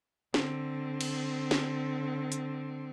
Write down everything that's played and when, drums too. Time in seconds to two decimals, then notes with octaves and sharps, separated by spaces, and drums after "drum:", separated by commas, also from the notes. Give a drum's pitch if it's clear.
0.34 D3 C4, drum: snare
1.01 drum: cymbal
1.51 drum: snare
2.32 drum: hi-hat